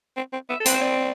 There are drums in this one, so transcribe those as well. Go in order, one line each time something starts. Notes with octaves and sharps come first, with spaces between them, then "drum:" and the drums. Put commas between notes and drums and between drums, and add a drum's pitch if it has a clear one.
C4
C4
B3 E5
A4
C4 B4, drum: hi-hat
C5
D5